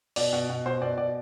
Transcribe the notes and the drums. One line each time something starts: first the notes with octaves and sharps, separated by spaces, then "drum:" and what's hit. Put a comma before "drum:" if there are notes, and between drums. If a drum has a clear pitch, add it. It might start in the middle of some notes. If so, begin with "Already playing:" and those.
B2 D5, drum: open hi-hat
B2
B2
B2 C5
B2 D5
B2 D5